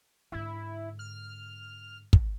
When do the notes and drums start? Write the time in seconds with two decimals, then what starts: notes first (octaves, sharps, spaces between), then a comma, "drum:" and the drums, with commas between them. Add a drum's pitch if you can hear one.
0.32 G#2 D3 E4
0.99 F6
2.13 drum: kick